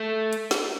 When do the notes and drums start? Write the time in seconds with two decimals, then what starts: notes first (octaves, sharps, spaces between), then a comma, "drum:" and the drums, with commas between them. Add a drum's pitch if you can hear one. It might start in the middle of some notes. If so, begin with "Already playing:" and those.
Already playing: A3
0.33 drum: hi-hat
0.51 drum: snare